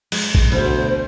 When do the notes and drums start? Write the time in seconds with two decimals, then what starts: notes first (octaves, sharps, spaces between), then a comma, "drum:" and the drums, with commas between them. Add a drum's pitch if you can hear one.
0.12 G#3, drum: cymbal
0.35 drum: kick A#1
0.52 D2 B2 C5